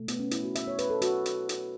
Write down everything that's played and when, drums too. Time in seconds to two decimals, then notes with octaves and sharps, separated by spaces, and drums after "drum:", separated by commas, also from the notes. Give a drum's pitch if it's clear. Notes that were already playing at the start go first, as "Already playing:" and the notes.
Already playing: B2 A3
0.08 B3, drum: hi-hat
0.19 C#4
0.31 E4, drum: hi-hat
0.43 F#4
0.55 E5, drum: hi-hat
0.67 C#5
0.79 B4, drum: hi-hat
0.90 A4
1.02 F#4, drum: hi-hat
1.26 drum: hi-hat
1.49 drum: hi-hat